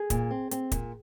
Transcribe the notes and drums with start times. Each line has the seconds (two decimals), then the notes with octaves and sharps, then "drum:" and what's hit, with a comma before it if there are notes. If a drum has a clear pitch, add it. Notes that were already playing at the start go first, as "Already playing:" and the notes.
Already playing: G#4
0.10 A#2, drum: kick, hi-hat
0.31 C4
0.51 C4, drum: hi-hat
0.72 A#2, drum: kick, hi-hat